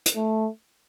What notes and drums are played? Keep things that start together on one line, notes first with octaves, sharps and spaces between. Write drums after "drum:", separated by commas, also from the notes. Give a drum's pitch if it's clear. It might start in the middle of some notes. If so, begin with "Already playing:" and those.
drum: hi-hat
A3